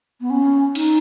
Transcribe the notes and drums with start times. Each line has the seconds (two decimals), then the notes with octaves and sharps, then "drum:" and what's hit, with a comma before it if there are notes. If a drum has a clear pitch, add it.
0.21 B3
0.30 C#4
0.75 D#4, drum: cymbal